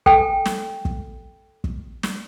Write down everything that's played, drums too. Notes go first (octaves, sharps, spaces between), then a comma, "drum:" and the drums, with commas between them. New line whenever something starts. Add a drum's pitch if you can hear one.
A4 G5 G#5, drum: kick
drum: snare
drum: kick
drum: kick
drum: snare